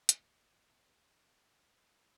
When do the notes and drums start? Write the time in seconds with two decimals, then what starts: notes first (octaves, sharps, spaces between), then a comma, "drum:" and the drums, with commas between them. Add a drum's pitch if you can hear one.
0.09 drum: hi-hat
0.19 G1 D#2 A#2